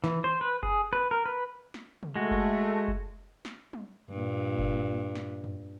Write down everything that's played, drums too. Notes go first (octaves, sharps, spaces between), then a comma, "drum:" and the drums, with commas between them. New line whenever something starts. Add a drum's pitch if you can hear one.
E3, drum: snare
C5
B4
G#4, drum: kick F#1
B4
A#4
B4
drum: snare
drum: tom C3
G#3 A3 F#4
drum: kick F#1
drum: kick F#1
drum: snare
drum: tom
G2 A#2
drum: kick F#1
drum: snare
drum: tom